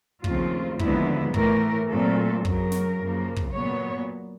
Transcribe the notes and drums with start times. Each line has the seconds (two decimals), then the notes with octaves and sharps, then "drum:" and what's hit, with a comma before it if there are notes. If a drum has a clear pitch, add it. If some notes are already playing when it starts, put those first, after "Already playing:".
0.24 D#2 C#3 F3 A3 C4 F4, drum: kick
0.79 D#2 D3 F3 G#3 B3 E4, drum: kick
1.34 A2 E3 A3 A#4, drum: kick
1.89 A#2 F#3 A3 C4 A4
2.45 F#2 C#3 F#3 A#4, drum: kick
2.72 drum: snare
3.00 F#2 C#3 F3 A#3
3.36 drum: kick
3.55 A#2 F#3 B3 C#5